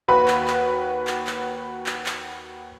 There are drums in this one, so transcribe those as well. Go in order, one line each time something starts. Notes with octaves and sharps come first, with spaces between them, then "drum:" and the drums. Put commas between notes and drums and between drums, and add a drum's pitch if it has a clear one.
D#2 F#4 B4 B5
drum: clap
drum: clap
drum: clap
drum: clap
drum: clap
drum: clap